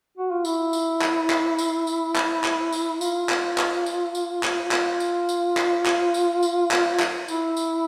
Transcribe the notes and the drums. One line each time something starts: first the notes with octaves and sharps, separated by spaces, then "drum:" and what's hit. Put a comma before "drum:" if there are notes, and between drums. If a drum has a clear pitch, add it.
F#4
F4
E4, drum: tambourine
drum: tambourine
drum: clap
drum: clap
drum: tambourine
drum: tambourine
drum: clap
drum: clap
drum: tambourine
F4, drum: tambourine
drum: clap
drum: clap
drum: tambourine
drum: tambourine
drum: clap
F4, drum: clap
drum: tambourine
drum: tambourine
drum: clap
drum: clap
drum: tambourine
drum: tambourine
drum: clap
drum: clap
E4, drum: tambourine
drum: tambourine